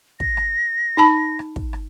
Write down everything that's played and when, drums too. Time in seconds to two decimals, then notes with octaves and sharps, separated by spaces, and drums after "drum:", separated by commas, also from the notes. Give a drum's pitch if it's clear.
0.20 A#6, drum: kick
0.37 drum: rim click
0.97 D#4 A5 B5
1.39 drum: rim click
1.56 drum: kick
1.73 drum: rim click